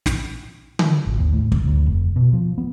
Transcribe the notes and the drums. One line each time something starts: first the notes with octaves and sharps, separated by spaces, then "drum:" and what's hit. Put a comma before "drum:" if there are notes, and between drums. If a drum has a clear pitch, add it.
drum: snare
drum: tom D3
G#1
D#2
A2
G1, drum: kick
D2
F1
B2
F3
B3